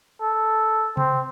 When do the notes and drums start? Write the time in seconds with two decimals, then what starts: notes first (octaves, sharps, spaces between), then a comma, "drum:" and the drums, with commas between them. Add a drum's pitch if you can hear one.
0.21 A4
0.97 C4, drum: tom C3